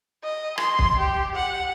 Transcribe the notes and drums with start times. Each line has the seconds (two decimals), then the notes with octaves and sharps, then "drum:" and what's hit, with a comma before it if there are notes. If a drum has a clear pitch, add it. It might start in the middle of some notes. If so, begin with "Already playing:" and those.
0.23 D#5
0.58 C6, drum: rim click
0.79 drum: kick
0.98 G4
1.35 F#5